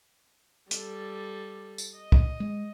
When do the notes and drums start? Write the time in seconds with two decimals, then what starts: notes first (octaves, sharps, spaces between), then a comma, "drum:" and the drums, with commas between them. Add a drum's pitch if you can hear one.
0.71 G3 A4, drum: hi-hat
1.78 drum: tambourine
1.97 D#5
2.12 drum: kick
2.40 G#3